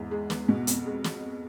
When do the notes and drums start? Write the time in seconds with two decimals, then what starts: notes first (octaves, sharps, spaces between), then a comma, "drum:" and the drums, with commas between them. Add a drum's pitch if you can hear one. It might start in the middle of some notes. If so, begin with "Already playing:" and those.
Already playing: E2 G#2
0.11 G#3
0.30 B3, drum: snare
0.48 B2
0.67 F2, drum: hi-hat
0.86 G#3
1.04 drum: snare